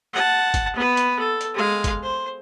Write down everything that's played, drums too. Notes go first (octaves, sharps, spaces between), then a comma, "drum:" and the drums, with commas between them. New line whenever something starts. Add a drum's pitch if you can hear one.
F#5 A5
drum: kick, hi-hat
B3 B4
drum: hi-hat
A4
drum: hi-hat
G#3 F5
drum: kick, hi-hat
C5